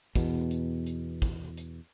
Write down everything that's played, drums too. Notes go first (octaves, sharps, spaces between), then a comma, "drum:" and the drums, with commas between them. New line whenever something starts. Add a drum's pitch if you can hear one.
E2 B2, drum: kick, hi-hat
drum: hi-hat
drum: hi-hat
drum: kick, hi-hat
drum: hi-hat